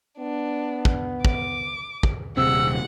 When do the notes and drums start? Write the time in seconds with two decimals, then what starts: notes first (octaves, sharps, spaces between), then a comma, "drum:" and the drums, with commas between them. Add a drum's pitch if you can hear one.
0.19 B3 D4
0.85 drum: kick
1.25 D6, drum: kick
2.03 drum: kick
2.37 D#1 C3 C4 G#4 F#5 E6